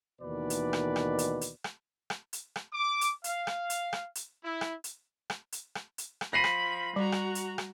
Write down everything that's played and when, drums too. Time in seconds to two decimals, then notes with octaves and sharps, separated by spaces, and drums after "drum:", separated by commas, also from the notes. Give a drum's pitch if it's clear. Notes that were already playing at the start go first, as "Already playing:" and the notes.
0.22 D#2 B2 D#3 E3 B4 D5
0.50 drum: hi-hat
0.73 drum: rim click
0.96 drum: rim click
1.19 drum: hi-hat
1.41 drum: hi-hat
1.64 drum: rim click
2.10 drum: rim click
2.33 drum: hi-hat
2.56 drum: rim click
2.73 D6
3.01 drum: hi-hat
3.24 F5, drum: hi-hat
3.47 drum: rim click
3.70 drum: hi-hat
3.93 drum: rim click
4.15 drum: hi-hat
4.44 E4
4.61 drum: rim click
4.84 drum: hi-hat
5.30 drum: rim click
5.52 drum: hi-hat
5.75 drum: rim click
5.98 drum: hi-hat
6.21 drum: rim click
6.33 F3 B5 A#6 C7 D#7
6.44 drum: rim click
6.96 G3 F#4 A#5
7.12 drum: rim click
7.35 drum: hi-hat
7.58 drum: rim click